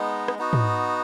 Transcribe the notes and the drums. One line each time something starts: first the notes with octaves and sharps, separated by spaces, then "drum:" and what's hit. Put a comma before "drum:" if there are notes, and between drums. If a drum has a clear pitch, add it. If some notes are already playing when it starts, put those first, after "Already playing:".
Already playing: G#3 B3 D#4
drum: rim click
B3 D#4 F#4
drum: tom